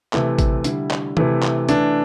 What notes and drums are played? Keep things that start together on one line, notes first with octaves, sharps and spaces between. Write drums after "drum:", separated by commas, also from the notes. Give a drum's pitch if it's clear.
C3 E3 A3, drum: clap
drum: kick A1, hi-hat
D3 G3 E4, drum: hi-hat
drum: clap
C3 E3 A3 E4, drum: tom
drum: clap
E3 A3 D4, drum: hi-hat